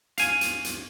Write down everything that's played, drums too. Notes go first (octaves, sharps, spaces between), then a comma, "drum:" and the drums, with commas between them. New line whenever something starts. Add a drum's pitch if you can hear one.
F5 G#5, drum: hi-hat
drum: hi-hat
drum: hi-hat